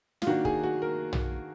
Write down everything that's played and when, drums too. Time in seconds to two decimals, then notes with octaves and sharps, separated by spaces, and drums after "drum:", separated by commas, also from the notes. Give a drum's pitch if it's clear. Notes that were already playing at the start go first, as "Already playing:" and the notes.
0.22 F4, drum: snare
0.27 D#3 A#3 D4 F#4
0.45 G#4, drum: kick
0.63 F#4
0.82 A#4
1.13 drum: tom